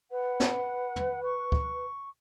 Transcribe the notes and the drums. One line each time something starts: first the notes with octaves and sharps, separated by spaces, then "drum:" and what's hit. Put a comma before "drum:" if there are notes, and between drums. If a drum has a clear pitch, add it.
B4 F#5
drum: snare
drum: tom
C#6
drum: kick C#2